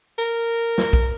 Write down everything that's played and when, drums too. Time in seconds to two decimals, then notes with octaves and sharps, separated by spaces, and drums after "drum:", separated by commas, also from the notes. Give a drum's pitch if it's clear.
0.18 A#4
0.78 drum: snare
0.93 drum: kick B1